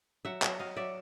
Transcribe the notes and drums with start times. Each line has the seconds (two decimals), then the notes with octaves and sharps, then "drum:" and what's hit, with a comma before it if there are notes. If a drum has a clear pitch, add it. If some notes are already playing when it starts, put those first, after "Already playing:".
0.25 F#3 E5 F#5
0.42 F#3 E5 F#5, drum: clap
0.59 F#3 D#5 F5
0.76 F#3 D5 E5